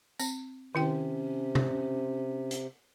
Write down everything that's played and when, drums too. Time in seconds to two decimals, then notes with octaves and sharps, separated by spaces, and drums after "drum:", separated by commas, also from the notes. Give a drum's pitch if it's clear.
0.20 C4, drum: tambourine
0.75 C3 D#3 C#4 E4 G5
1.55 drum: tom C3
2.51 drum: hi-hat